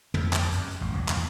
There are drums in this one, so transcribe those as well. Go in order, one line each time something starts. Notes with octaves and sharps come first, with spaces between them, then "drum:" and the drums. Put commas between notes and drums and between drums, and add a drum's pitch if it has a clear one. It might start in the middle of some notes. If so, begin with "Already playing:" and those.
F2, drum: tom
drum: clap
F#2, drum: hi-hat
drum: hi-hat
A1
E1 C#2 D3 F#3
E2 A#2, drum: clap